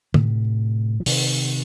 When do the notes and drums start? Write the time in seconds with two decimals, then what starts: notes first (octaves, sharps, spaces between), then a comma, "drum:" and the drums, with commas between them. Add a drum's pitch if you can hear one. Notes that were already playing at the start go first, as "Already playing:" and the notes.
0.14 A2 C3, drum: tom
1.00 F3
1.06 C3 D#3, drum: open hi-hat